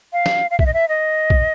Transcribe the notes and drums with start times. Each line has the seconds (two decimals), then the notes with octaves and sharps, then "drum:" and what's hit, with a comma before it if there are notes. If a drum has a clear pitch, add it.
0.13 F5
0.26 drum: snare
0.50 F5
0.59 E5, drum: kick
0.66 D#5
0.73 E5
0.89 D#5
1.30 drum: kick